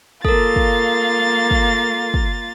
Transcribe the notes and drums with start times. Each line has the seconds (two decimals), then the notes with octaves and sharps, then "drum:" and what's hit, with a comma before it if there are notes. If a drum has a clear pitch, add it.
0.25 A#3 F4 A4 A#4 A6, drum: kick
0.56 drum: kick
1.51 drum: kick
2.14 drum: kick